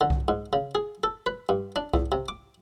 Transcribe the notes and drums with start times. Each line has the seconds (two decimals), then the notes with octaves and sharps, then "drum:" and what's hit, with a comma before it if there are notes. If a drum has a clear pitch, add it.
0.01 D3
0.10 drum: kick C2
0.28 G#2
0.53 C#3
0.75 G#4
1.03 A4
1.26 B4
1.49 G2
1.76 D4
1.94 E2, drum: kick C2
2.12 C3
2.28 D6